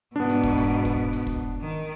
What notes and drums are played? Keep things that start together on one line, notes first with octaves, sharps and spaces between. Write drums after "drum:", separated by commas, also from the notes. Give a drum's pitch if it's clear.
G#2 B2 B3 D4
drum: hi-hat
drum: kick
drum: hi-hat
drum: kick, hi-hat
drum: hi-hat
drum: kick
D#3